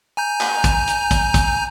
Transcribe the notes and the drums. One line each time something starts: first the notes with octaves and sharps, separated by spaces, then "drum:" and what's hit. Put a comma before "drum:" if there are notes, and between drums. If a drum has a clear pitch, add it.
G#5 A#5 G6
drum: clap
drum: kick, hi-hat
drum: hi-hat
drum: kick, hi-hat
drum: kick, hi-hat